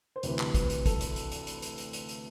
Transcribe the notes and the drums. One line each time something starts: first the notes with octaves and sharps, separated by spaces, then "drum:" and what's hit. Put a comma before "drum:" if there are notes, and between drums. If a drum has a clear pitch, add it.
C5
D2 C3 E3 B4, drum: hi-hat
drum: clap
B4, drum: kick, hi-hat
drum: hi-hat
A4, drum: kick, hi-hat
drum: hi-hat
drum: hi-hat
drum: hi-hat
drum: hi-hat
drum: hi-hat
drum: hi-hat
drum: hi-hat
drum: hi-hat